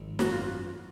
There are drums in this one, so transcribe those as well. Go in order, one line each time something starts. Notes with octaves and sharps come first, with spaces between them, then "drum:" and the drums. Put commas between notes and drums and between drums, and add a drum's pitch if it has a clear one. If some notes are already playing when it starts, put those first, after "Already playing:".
Already playing: G#1 F3
F#2 F#4, drum: snare
F4